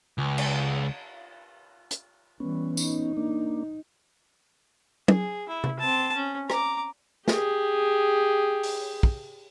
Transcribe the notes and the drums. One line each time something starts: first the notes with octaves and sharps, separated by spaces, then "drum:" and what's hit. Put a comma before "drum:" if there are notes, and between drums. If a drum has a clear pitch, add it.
C#2
drum: cymbal
drum: hi-hat
E3 G3 B3 C#4
D#4, drum: tambourine
A#3 D4
G#4, drum: tom
E4
drum: tom C3
C4 A5
C#4
A#5 D6, drum: rim click
G4 G#4, drum: snare
drum: open hi-hat
drum: kick